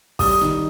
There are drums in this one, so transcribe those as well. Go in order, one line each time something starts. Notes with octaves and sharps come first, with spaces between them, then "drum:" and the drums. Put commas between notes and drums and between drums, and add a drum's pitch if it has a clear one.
G3 D#6, drum: kick, open hi-hat
D#3, drum: snare